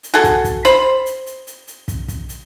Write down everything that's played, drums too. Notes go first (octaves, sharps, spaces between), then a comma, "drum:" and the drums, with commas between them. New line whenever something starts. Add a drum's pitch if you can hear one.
drum: hi-hat
F#4 G#4 A4
drum: kick, hi-hat
drum: kick, hi-hat
C5 B5, drum: hi-hat
drum: hi-hat
drum: hi-hat
drum: hi-hat
drum: hi-hat
drum: kick, hi-hat
drum: kick, hi-hat
drum: hi-hat